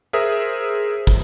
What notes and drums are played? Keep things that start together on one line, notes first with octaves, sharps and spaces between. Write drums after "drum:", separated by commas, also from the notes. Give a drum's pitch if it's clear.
G#4 A#4 C5 E5 D#6
drum: kick